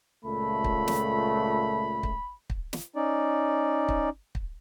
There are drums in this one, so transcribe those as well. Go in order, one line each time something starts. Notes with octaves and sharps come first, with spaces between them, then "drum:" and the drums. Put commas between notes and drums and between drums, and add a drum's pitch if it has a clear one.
C#2 A#2 A3 B5
drum: kick
drum: snare
drum: kick
drum: kick
drum: snare
C#4 D#4 D5
drum: kick
drum: kick